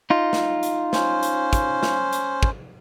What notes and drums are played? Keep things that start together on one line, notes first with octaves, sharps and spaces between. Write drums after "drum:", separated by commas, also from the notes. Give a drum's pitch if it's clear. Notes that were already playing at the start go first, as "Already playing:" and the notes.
D#4 F4
drum: snare
drum: hi-hat
C#4 C5, drum: snare
drum: hi-hat
drum: kick, hi-hat
drum: snare
drum: hi-hat
drum: kick